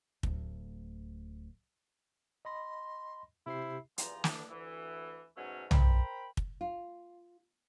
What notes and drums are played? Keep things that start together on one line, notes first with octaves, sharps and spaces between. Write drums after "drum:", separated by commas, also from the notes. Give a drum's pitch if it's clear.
D1 D2, drum: kick
D#5 B5 C6 A#6
C3 E4 G4 C5 C7
E2 G2 A#2 F3 A#5, drum: hi-hat
E3 D4, drum: snare
D2 E3
G#2 B2 F#3 A3 C#4
A#4 C5 G5 A#5 B5, drum: tom B1
drum: kick
F4